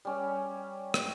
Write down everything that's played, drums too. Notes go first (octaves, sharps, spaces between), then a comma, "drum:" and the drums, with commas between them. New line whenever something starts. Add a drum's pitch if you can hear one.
G3 C#4
drum: rim click